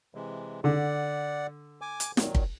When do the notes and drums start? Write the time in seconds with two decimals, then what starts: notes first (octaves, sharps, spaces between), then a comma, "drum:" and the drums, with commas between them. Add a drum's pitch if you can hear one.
0.15 C3 E3 G#3
0.64 D3 D5 F#5
1.81 G#5 D6
2.00 drum: hi-hat
2.17 A#2 D#3 F#3, drum: snare
2.35 drum: kick